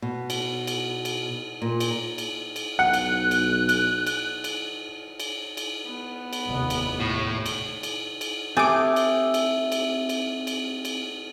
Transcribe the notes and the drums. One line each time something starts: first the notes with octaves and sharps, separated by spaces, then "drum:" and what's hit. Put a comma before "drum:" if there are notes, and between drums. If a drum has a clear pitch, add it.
B2
drum: cymbal
drum: cymbal
drum: cymbal
A#2
drum: cymbal
drum: cymbal
drum: cymbal
B1 F#5 F#6
drum: cymbal
drum: cymbal
drum: cymbal
drum: cymbal
drum: cymbal
drum: cymbal
drum: cymbal
B3
drum: cymbal
F1 D#2
drum: cymbal
A2
drum: cymbal
drum: cymbal
drum: cymbal
A3 C4 G4 G#5 D6 D#6
drum: cymbal
drum: cymbal
drum: cymbal
drum: cymbal
drum: cymbal
drum: cymbal